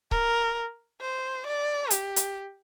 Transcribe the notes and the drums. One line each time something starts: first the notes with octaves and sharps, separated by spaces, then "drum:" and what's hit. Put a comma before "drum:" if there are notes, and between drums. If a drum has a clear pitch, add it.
A#4, drum: kick C#1
C5
D5
G4, drum: hi-hat
drum: hi-hat